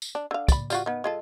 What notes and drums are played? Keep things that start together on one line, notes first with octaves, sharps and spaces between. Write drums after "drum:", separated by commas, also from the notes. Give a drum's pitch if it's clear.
drum: tambourine
D4
D3 F5
D5 B5, drum: kick, tambourine
G3 F4 F#4, drum: tambourine
D#3 B3
G#3 F4 A4